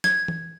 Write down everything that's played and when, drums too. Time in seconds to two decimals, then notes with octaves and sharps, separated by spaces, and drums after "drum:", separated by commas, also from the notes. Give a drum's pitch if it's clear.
0.04 G#6, drum: snare
0.28 drum: tom E3